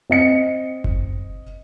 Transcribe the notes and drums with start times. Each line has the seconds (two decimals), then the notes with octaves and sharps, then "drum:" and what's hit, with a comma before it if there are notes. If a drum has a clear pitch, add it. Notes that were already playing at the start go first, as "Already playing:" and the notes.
0.10 C4 D#5 C#7
0.84 drum: kick F#1